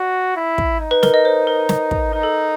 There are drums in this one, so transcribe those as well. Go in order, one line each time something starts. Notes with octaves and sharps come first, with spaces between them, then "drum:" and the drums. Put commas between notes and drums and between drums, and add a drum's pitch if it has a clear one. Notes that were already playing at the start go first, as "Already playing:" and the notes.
Already playing: F#4 D5
E4
drum: kick
D#4
B4
A#4, drum: snare
D#5
C5
A#4
drum: snare
drum: kick
D#4 A#4
A4